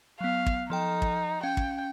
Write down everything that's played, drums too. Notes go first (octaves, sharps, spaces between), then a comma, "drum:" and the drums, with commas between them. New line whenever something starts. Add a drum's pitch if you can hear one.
F#3 B3 F5
drum: kick
F3 D#4 A4 G5
drum: kick
C#4 F5 G5
drum: kick